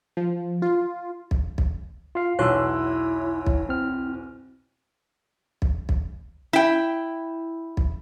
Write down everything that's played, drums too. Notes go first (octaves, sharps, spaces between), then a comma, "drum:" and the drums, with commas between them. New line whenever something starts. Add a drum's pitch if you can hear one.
F3
F4
drum: kick
drum: kick
F4 F5
B1 E2 E4 C#5 C6 E6 F#6
drum: kick
C4 F6
drum: kick
drum: kick
E4 G5
drum: kick